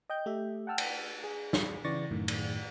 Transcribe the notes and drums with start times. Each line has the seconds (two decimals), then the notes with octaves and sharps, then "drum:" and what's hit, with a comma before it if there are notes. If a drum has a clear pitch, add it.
0.10 D#5 G5 G6
0.26 A3 G4 E5
0.67 F#5 G5 A5 E6 F6
0.78 drum: cymbal
1.24 G#4
1.53 drum: snare
1.84 C#3 E3 D5 C#6 A6 A#6
2.11 F#2 A2 D#3
2.28 drum: cymbal